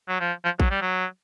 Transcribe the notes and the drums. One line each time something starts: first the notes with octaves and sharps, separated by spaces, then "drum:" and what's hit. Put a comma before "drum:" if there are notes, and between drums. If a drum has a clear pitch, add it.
F#3
F3
F3
F#3, drum: kick A1
G3
F#3